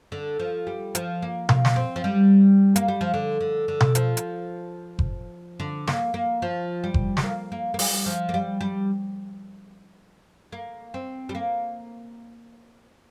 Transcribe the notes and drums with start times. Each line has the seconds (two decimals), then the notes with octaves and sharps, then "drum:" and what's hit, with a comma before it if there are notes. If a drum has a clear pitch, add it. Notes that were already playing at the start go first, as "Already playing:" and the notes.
0.12 D3
0.39 F3
0.67 G3
0.95 F3, drum: hi-hat
1.22 A#3
1.49 A#3, drum: tom B2
1.65 drum: snare
1.76 C4
1.96 F3
2.04 G3
2.76 A#3, drum: hi-hat
2.88 G3
3.01 F3
3.14 D3
3.41 D3
3.68 D3
3.80 drum: tom B2
3.95 F3, drum: hi-hat
4.17 drum: hi-hat
4.99 drum: kick F#1
5.60 D3
5.88 A#3, drum: snare
6.14 A#3
6.42 F3
6.84 G3
6.94 drum: kick F#1
7.17 G3, drum: snare
7.24 A#3
7.52 A#3
7.74 A#3
7.79 G3, drum: open hi-hat
8.06 F3
8.29 A#3
8.34 G3
8.61 G3
10.52 A#3
10.94 C4
11.29 G3
11.35 A#3